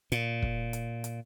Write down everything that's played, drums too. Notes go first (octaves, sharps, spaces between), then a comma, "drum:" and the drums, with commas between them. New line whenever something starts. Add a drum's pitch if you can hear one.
A#2, drum: hi-hat
drum: kick
drum: hi-hat
drum: hi-hat